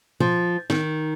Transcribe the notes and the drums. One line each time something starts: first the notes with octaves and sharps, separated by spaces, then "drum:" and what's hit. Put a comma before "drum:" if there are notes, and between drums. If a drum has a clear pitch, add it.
F3, drum: tom A#2
D#3, drum: snare